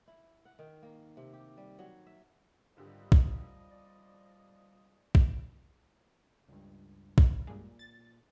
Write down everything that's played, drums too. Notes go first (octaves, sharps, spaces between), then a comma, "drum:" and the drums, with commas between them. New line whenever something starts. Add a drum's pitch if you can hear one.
E4
F#5
D#3
A#3
C3
G4
G3
F#3
E5
G#1 D3 F3 G3 G4 D#5
drum: kick A#1
D5
drum: kick A#1
C#2 G2
drum: kick A#1
G2 A#2 G#3
A6